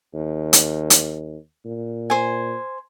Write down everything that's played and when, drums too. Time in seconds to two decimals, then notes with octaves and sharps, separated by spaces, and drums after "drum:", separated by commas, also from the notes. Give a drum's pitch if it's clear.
0.14 D#2
0.53 drum: hi-hat
0.90 drum: hi-hat
1.65 A#2
2.10 C5 G#5